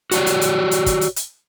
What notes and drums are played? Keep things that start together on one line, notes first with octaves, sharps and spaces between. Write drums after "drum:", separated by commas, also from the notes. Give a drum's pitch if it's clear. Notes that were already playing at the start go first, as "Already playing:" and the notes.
F#4 G4 C#5 D5, drum: hi-hat
drum: hi-hat
drum: hi-hat
drum: hi-hat
drum: kick, hi-hat
drum: hi-hat
drum: hi-hat